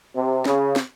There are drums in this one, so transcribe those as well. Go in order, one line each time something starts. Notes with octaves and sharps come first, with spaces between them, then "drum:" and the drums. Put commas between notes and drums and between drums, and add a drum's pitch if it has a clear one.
C3
C#3, drum: snare
drum: snare